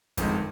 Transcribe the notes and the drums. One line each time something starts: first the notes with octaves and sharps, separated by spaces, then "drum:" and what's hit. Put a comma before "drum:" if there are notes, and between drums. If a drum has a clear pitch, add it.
G1 F2 D#3 G#3, drum: kick, hi-hat